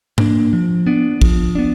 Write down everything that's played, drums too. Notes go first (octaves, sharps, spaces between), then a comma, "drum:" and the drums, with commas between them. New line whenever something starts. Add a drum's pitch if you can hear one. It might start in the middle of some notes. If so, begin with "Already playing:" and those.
A#3 D4, drum: tom G#2
F3
B3 D4
F3, drum: kick
B3 D4